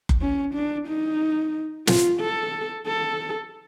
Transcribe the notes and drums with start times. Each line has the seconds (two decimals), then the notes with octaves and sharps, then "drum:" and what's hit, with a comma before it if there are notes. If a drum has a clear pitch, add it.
0.09 drum: kick F#1
0.22 C#4
0.54 D4
0.88 D#4
1.87 F4, drum: snare
2.20 A4
2.87 A4